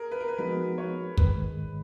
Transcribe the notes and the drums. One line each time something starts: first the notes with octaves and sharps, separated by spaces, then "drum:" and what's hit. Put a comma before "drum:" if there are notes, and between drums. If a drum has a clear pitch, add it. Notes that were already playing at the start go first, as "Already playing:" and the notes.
Already playing: G#4 A#4
B4
A#4
B4
F3 G#3 B3 D#4 F#4 B4
C#5
G#2 D#3 G#3 B4, drum: kick